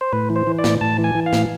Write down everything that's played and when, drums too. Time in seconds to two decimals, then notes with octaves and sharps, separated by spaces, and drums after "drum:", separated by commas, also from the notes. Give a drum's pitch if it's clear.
0.01 C5
0.13 A2 B4
0.30 E3
0.36 C5
0.47 E3
0.59 D5
0.64 A2, drum: snare
0.81 A2 A5
0.98 E3
1.04 G#5
1.15 E3
1.26 F5
1.33 A2, drum: snare